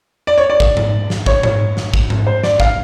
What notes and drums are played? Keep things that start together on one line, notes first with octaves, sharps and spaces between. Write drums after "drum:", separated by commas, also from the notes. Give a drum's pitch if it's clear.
D5
C#5
D5
drum: kick
drum: tom G#2
drum: snare
C#5, drum: kick
C#5, drum: tom G#2
drum: snare
drum: kick
drum: tom G#2
C5
D5, drum: snare
F5, drum: kick